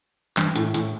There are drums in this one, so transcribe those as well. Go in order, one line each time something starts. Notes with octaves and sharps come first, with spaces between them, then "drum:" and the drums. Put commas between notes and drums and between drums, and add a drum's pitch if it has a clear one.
G2, drum: clap
A2, drum: hi-hat
A2, drum: hi-hat